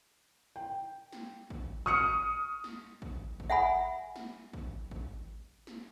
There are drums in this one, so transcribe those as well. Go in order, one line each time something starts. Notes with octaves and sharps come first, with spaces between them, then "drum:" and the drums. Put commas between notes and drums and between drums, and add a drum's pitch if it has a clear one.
G5
drum: snare
drum: kick
C#6 D#6 F6 C#7, drum: kick
drum: snare
drum: kick
drum: kick
E5 F#5 G#5 B5
drum: snare
drum: kick
drum: kick
drum: snare